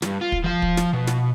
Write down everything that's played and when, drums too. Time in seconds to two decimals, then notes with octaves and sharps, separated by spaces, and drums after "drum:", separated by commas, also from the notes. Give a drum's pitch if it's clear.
0.02 D2 G2, drum: snare
0.21 F4
0.32 drum: kick
0.44 F3 F5
0.62 drum: kick
0.77 drum: snare
0.93 B2
1.07 drum: snare